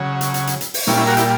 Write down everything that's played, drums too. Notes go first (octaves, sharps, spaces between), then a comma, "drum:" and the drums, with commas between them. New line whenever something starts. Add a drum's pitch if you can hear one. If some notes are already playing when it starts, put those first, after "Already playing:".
Already playing: C#3 F#3
drum: hi-hat
drum: hi-hat
drum: hi-hat
drum: hi-hat
drum: open hi-hat
A#2 G3 C#4 E4, drum: snare
C#4 E4
F#4 A#4
E4 G4, drum: hi-hat